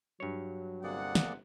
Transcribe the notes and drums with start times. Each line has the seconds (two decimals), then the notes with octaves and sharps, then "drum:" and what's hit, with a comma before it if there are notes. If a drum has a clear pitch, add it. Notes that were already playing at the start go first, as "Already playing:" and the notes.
0.20 G2 F#3 C#5
0.83 G1 C3 A#3 G#4 D5 F#5
1.15 drum: snare